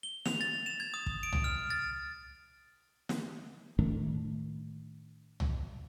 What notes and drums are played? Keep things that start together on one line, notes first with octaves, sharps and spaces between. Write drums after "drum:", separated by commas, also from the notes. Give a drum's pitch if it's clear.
G7
F7, drum: snare
A6
E7
G#6
D#6
drum: kick
D7
drum: tom
F6
A6
drum: snare
A2 D#3 A3 D4
drum: tom